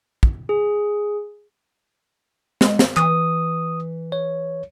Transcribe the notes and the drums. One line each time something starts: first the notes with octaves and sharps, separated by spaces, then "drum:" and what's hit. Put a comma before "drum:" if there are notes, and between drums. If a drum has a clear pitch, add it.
drum: kick
G#4
G#3, drum: snare
drum: snare
E3 D#6, drum: clap
C#5